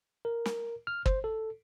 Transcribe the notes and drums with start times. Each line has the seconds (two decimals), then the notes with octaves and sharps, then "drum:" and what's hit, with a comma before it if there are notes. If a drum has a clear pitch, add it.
0.25 A#4
0.46 drum: snare
0.87 F6
1.06 C5, drum: kick
1.24 A4